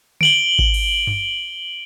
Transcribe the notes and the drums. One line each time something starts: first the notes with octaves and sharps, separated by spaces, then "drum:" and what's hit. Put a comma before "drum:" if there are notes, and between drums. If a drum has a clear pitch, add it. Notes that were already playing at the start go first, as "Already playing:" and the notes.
D7 F#7 G7, drum: tom D3
drum: kick G#1
drum: cymbal
drum: tom G2